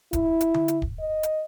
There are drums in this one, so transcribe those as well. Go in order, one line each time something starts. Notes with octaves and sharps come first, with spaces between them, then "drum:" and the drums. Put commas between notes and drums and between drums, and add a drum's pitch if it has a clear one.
E4, drum: kick, hi-hat
drum: hi-hat
drum: tom D3
drum: hi-hat
drum: kick
D#5
drum: hi-hat